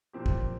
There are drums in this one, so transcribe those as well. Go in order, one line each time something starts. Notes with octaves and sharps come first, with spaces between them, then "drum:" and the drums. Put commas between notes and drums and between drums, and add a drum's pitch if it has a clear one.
A#2 F3 C4 G4
drum: kick